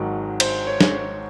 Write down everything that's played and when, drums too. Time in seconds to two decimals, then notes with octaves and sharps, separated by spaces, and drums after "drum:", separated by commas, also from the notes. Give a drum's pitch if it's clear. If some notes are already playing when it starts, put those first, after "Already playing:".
Already playing: G#1 G#2 D#3 F#3
0.40 C5, drum: cymbal
0.67 C#5
0.81 drum: snare